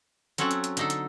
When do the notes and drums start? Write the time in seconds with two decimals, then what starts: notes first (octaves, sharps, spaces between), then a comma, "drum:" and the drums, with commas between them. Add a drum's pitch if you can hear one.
0.38 F#3 C4 C#4 A4 F#5, drum: hi-hat
0.51 drum: hi-hat
0.64 drum: hi-hat
0.77 D3 D#4 A4, drum: hi-hat
0.90 drum: hi-hat